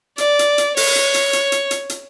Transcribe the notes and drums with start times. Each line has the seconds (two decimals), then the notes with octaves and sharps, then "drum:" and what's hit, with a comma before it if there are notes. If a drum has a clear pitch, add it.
0.18 D5, drum: hi-hat
0.39 drum: hi-hat
0.58 drum: hi-hat
0.77 C#5, drum: open hi-hat
0.96 drum: hi-hat
1.14 drum: hi-hat
1.33 drum: hi-hat
1.52 drum: hi-hat
1.71 drum: hi-hat
1.90 drum: hi-hat